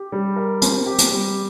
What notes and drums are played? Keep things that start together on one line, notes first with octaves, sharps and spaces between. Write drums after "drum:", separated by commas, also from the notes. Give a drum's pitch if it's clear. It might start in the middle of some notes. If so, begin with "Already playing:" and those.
Already playing: G4
G3
A#4
C4, drum: hi-hat
G4
drum: hi-hat
G3